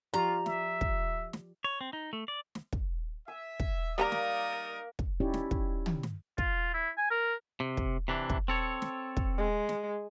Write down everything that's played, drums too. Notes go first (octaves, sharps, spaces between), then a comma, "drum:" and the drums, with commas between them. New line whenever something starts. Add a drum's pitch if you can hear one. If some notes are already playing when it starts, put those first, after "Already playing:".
F3 F4 G4 D5 A#5
E5, drum: snare
drum: kick
drum: snare
C#5
C4
D#4
A3
D5
drum: snare
drum: kick
E5 G#5
drum: kick
G3 A#3 D#4 A#4 C5 D5 A#5 D#6
drum: snare
drum: kick
C#4 D#4 E4 G4 C#5 D5
drum: snare
drum: kick
drum: tom
drum: snare
F4, drum: kick
E4
G#5
A#4
C3
drum: kick
C3 E3 D4
drum: kick
C4 A4 C#5
drum: snare
drum: kick
G#3
drum: snare